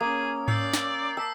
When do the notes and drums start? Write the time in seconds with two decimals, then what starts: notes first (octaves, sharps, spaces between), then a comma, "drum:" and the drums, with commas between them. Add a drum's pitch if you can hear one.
0.01 A#3 C#4 G#4 D#6
0.48 D5 E6 G6 C7, drum: tom G#2
0.74 drum: snare
1.17 A5 E6 B6 C7